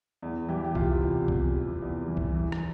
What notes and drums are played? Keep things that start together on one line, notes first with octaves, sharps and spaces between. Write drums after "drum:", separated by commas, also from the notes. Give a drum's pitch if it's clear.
E2
E3 G4
G4
C3 F4, drum: kick C2
C3
E2, drum: kick C2
C3
E2
E3
drum: kick C2
E3
drum: rim click